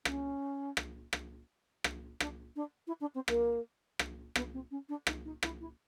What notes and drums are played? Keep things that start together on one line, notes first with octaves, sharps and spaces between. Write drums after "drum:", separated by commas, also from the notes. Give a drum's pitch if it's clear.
C#4, drum: rim click
drum: rim click
drum: rim click
drum: rim click
D4, drum: rim click
D4
E4
D4
C4
A#3, drum: rim click
drum: rim click
B3, drum: rim click
C4
C#4
D4
D#4, drum: rim click
D#4
E4, drum: rim click
E4